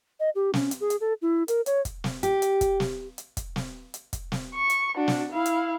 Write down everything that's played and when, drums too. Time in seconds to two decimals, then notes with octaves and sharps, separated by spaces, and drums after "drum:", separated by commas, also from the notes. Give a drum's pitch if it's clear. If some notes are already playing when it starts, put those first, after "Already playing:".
0.20 D#5
0.35 G4
0.54 C#4, drum: snare
0.71 drum: hi-hat
0.81 G#4
0.90 drum: hi-hat
1.01 A4
1.22 E4
1.48 A#4, drum: hi-hat
1.66 C#5, drum: hi-hat
1.85 drum: kick, hi-hat
2.04 drum: snare
2.23 G4, drum: hi-hat
2.42 drum: hi-hat
2.61 drum: kick, hi-hat
2.80 drum: snare
3.18 drum: hi-hat
3.37 drum: kick, hi-hat
3.56 drum: snare
3.94 drum: hi-hat
4.13 drum: kick, hi-hat
4.32 drum: snare
4.54 C#6
4.70 drum: hi-hat
4.96 D4 F#4
5.08 drum: snare
5.32 E4 F5
5.46 drum: hi-hat